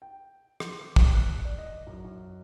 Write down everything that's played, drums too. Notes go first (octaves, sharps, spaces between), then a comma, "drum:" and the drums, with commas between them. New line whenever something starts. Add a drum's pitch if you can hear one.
G5
C6, drum: rim click
D6
G5, drum: kick
F#6
D5
D#5
F#2
F#2